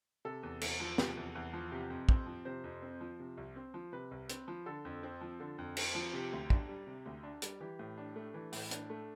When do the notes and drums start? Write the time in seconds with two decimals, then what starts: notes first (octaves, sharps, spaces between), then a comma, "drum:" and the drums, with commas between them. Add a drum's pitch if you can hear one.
0.25 C3 A4
0.43 E2
0.61 E2, drum: cymbal
0.80 F3
0.98 C3, drum: snare
1.17 E2
1.35 E2
1.53 F3
1.72 C3 G4
1.90 F2
2.09 C4, drum: kick
2.27 F3
2.45 C3 C5
2.64 F2
2.82 C4
3.01 F3
3.20 C3
3.37 C2
3.56 C4
3.74 F3
3.93 C3 B4
4.11 C2
4.29 C4, drum: hi-hat
4.48 F3
4.66 D3 A4
4.85 F2
5.03 C4
5.21 F3
5.40 D3
5.58 F2
5.77 C4, drum: cymbal
5.95 F3
6.13 C3 G4
6.32 D2
6.50 D4, drum: kick
6.69 G3
6.87 C3
7.06 D2
7.23 D4
7.42 G3, drum: hi-hat
7.60 E3 G4
7.79 A2
7.98 D4
8.16 A3
8.34 E3
8.52 A2, drum: open hi-hat
8.71 D4, drum: hi-hat
8.90 A3